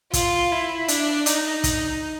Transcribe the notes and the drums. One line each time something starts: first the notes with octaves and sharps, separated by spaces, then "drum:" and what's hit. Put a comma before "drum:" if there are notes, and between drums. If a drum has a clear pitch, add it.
F4, drum: kick, hi-hat
E4
D4, drum: hi-hat
D#4, drum: hi-hat
drum: kick, hi-hat